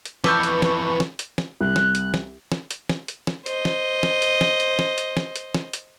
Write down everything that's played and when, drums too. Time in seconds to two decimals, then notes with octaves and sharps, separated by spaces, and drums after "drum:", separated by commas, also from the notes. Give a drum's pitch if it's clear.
0.05 drum: hi-hat
0.24 F2 E3 B4 A5 C#6 D6 E6 G6, drum: snare
0.43 drum: hi-hat
0.62 drum: snare
1.00 drum: snare
1.19 drum: hi-hat
1.38 drum: snare
1.61 C2 F#6
1.76 drum: snare
1.95 drum: hi-hat
2.14 drum: snare
2.52 drum: snare
2.71 drum: hi-hat
2.89 drum: snare
3.08 drum: hi-hat
3.27 drum: snare
3.46 C5 D#5, drum: hi-hat
3.65 drum: snare
4.03 drum: snare
4.22 drum: hi-hat
4.41 drum: snare
4.60 drum: hi-hat
4.79 drum: snare
4.98 drum: hi-hat
5.17 drum: snare
5.36 drum: hi-hat
5.54 drum: snare
5.73 drum: hi-hat